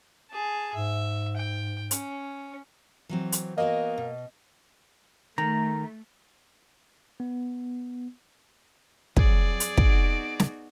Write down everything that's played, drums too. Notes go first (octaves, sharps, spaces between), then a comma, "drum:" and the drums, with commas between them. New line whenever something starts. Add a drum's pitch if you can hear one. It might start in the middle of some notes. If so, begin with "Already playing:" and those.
G#4 A5
G#2 E5
G5
C#4, drum: hi-hat
E3 F#3 C4
drum: hi-hat
A#3 B3 F#4 D#5 G#5
B2
D#3 A3 A#5
B3
F2 F#3 G#4 D5, drum: kick
drum: hi-hat
B3 D#4 F#4 D7, drum: kick
drum: snare